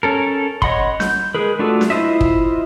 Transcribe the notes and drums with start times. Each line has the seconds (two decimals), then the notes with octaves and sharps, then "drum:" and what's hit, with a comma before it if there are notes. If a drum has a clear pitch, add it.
0.03 C#4 A4 A#4
0.62 C#5 D#5 F#5 B5 C6, drum: kick
1.00 G6, drum: snare
1.35 G#3 G#4 A#4 B4
1.59 A3 D4 F4 F#4 A4
1.81 drum: snare
1.90 E4 F4 C5 D#5 E5
2.21 drum: kick